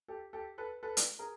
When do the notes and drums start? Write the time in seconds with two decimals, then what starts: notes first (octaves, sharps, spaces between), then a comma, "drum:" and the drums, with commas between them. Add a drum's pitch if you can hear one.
0.08 G4 A4
0.33 G4 A4
0.58 A4 B4
0.83 A4 B4
0.97 drum: hi-hat
1.19 G#4 A#4